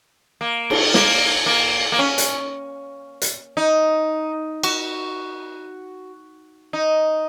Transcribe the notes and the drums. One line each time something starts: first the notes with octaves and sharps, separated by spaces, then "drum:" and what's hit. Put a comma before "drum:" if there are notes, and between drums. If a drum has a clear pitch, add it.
A#3
drum: cymbal
A#3, drum: snare
A#3
A#3
C#4
drum: hi-hat
drum: hi-hat
D#4
F#4, drum: cymbal
D#4